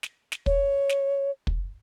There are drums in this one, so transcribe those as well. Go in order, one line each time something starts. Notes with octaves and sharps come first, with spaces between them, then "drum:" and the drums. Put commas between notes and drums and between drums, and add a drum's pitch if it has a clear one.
drum: snare
drum: snare
C#5, drum: kick
drum: snare
drum: kick